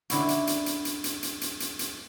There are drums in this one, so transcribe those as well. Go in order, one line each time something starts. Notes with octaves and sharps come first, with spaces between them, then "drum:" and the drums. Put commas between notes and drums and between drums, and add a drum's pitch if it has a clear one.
D3 E4 F#4, drum: hi-hat
drum: hi-hat
drum: hi-hat
drum: hi-hat
drum: hi-hat
drum: hi-hat
drum: hi-hat
drum: hi-hat
drum: hi-hat
drum: hi-hat